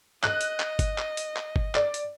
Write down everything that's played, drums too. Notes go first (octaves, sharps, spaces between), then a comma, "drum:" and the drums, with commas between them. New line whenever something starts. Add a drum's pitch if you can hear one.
D#5 F#6, drum: clap
drum: hi-hat
drum: clap
drum: kick G1, hi-hat
drum: clap
drum: hi-hat
drum: clap
drum: kick G1
D5, drum: clap
drum: hi-hat